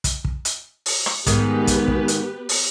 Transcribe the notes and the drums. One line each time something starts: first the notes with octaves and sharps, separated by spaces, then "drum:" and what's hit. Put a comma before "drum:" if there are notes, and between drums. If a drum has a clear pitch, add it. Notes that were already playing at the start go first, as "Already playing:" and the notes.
drum: kick, hi-hat
drum: kick
drum: hi-hat
drum: open hi-hat
drum: rim click
G#2 D#3 B3 G4 B4, drum: kick, hi-hat
drum: kick, hi-hat
drum: kick
drum: hi-hat
drum: open hi-hat